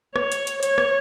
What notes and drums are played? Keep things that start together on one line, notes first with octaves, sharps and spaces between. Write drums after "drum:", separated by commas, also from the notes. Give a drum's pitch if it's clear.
C#5, drum: rim click
drum: hi-hat
drum: hi-hat
C#5, drum: hi-hat
drum: rim click